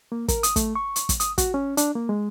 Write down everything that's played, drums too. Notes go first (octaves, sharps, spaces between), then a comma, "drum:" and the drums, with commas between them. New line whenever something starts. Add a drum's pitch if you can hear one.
A#3
A#4, drum: kick, hi-hat
D#6, drum: hi-hat
A3, drum: kick, hi-hat
C#6
drum: hi-hat
drum: kick, hi-hat
D#6, drum: hi-hat
F#4, drum: kick, hi-hat
C#4
D4, drum: hi-hat
A#3
G#3